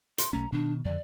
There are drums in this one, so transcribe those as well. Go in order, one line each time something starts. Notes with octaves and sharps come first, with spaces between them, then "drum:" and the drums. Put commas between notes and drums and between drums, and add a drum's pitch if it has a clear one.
C6, drum: hi-hat
B1 A3 C#4 A#5
B2 D#3 D4
F2 D3 D5